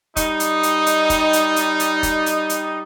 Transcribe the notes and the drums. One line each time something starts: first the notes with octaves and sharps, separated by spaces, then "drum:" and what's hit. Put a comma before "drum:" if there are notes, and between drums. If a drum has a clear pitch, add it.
G3 D#4, drum: kick, hi-hat
drum: hi-hat
drum: hi-hat
drum: hi-hat
drum: kick, hi-hat
drum: hi-hat
drum: hi-hat
drum: hi-hat
drum: kick, hi-hat
drum: hi-hat
drum: hi-hat